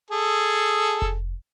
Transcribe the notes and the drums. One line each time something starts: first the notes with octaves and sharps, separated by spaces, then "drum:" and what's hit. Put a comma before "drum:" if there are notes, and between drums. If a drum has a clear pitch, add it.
G#4 A4
drum: kick F1